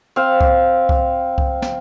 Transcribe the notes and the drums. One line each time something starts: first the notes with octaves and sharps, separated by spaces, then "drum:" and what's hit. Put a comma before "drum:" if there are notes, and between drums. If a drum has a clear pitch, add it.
C4 F5
drum: kick C2
drum: kick C2
drum: kick C2
drum: snare